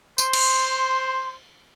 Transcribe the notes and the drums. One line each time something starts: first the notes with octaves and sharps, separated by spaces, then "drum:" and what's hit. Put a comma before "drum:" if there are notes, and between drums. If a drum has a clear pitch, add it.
C5 C6, drum: tambourine
drum: cymbal